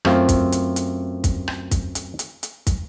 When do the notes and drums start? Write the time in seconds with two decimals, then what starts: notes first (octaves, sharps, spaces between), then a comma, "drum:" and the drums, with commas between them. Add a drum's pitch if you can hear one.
0.05 F#2 A3 C4 F4, drum: rim click
0.29 drum: kick, hi-hat
0.52 drum: hi-hat
0.76 drum: hi-hat
1.24 drum: kick, hi-hat
1.48 drum: rim click
1.71 drum: kick, hi-hat
1.95 drum: hi-hat
2.19 drum: hi-hat
2.43 drum: hi-hat
2.67 drum: kick, hi-hat